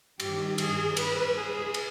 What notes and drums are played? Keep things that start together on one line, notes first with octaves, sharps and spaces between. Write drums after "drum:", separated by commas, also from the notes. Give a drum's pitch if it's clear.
G2 D#3 G4, drum: cymbal
G#4, drum: cymbal
B4, drum: cymbal
G#4
drum: cymbal